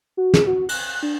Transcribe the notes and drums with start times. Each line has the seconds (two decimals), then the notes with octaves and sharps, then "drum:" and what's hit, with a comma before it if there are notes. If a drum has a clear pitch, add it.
0.17 F#4
0.34 G#4, drum: snare
0.47 F#4
0.69 F#6, drum: cymbal
0.88 F#6
1.03 D4